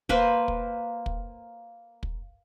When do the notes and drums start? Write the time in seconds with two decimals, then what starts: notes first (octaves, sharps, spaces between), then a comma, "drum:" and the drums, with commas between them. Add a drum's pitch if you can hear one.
0.09 A#3 B4 C5, drum: kick
0.48 drum: kick
1.06 drum: kick
2.03 drum: kick